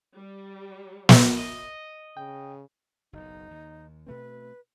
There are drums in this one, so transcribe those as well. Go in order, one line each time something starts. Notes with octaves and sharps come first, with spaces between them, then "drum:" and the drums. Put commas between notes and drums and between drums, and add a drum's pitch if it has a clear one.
G3
drum: snare
D#5
C#3 G5
F#1 B1 D#4
D#2
B2 A3 C4 B4